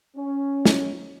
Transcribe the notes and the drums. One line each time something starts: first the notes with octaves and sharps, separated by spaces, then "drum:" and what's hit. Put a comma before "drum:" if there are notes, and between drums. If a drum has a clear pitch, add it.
C#4
drum: snare